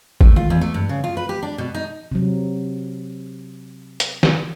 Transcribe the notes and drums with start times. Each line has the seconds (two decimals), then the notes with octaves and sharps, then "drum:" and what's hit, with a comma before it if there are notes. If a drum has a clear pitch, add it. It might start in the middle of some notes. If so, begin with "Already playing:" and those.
0.21 A3, drum: kick G#1
0.36 F4, drum: tom D#3
0.50 E2
0.61 A3
0.74 G2
0.89 C#3
1.04 F4
1.17 B4
1.29 G4
1.43 D4
1.58 B2
1.75 D#4
2.11 C3 F#3
4.00 drum: hi-hat
4.23 drum: snare